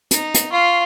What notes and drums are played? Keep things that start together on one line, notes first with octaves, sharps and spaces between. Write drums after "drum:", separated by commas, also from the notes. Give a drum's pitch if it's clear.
D#4, drum: hi-hat
drum: hi-hat
F4 F5 C#6